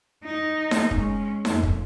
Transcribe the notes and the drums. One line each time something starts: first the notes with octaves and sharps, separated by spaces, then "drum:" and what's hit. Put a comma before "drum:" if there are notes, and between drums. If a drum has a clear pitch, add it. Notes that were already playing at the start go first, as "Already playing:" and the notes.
D#4
drum: snare D#4
G#3 C#4, drum: kick
F2, drum: snare D#4
drum: kick